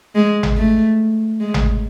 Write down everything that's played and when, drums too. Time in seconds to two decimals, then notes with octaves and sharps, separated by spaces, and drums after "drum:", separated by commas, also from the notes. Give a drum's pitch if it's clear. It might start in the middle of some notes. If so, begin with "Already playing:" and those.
0.15 G#3
0.43 drum: tom G#1
0.57 A3
1.40 G#3
1.54 drum: tom G#1